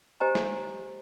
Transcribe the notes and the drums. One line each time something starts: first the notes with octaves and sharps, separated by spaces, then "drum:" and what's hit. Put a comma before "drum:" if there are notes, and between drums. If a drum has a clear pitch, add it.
G4 C5 D#5 G#5 A#5
drum: snare